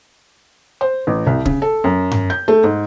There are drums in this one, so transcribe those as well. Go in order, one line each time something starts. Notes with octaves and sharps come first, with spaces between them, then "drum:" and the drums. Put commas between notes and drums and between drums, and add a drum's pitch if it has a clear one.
C5
A1
C2
C#3, drum: kick
A4
F#2
drum: tom G2
G6
A3
G#2